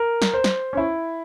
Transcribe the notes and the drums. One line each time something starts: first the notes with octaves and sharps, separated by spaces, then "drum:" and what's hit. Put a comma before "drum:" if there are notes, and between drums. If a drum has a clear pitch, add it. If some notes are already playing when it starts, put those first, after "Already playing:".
Already playing: A#4
drum: snare
C5
drum: snare
C#4
E4